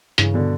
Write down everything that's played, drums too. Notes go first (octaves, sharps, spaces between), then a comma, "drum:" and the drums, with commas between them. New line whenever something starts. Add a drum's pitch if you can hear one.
G2 C#3 E3, drum: hi-hat
B2 D3